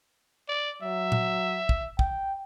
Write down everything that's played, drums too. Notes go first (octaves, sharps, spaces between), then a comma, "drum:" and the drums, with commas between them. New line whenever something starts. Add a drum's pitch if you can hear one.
D5
F#3 E5
drum: tom A#2
drum: kick
G5, drum: kick